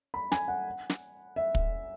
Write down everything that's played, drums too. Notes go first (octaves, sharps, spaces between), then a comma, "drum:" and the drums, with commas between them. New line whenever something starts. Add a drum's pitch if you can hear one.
B5
G#5, drum: snare
F#5
drum: snare
E5
drum: kick